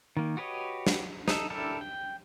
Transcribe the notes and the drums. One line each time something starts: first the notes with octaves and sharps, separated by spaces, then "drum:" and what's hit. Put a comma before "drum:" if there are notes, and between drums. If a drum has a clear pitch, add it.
D#3 A#3
F#4 G4 B4 C#5 D#5
drum: snare
D#4 A4, drum: snare
D4 E4 G4 A4 A#4
G5